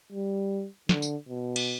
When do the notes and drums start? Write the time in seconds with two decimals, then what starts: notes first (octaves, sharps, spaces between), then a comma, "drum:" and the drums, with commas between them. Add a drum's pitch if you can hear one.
0.12 G3
0.89 D3, drum: snare
1.02 drum: tambourine
1.29 B2
1.56 drum: cymbal